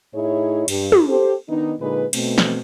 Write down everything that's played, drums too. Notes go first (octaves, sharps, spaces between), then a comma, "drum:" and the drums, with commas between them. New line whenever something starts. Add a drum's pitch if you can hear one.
A2 D#4 E4 G#4 C#5
G2, drum: cymbal
drum: tom
G4 A4 C5
D#3 B3 D4 D#4
A#2 D3 G#3 D#4 B4
B2 A3 C4, drum: cymbal
drum: snare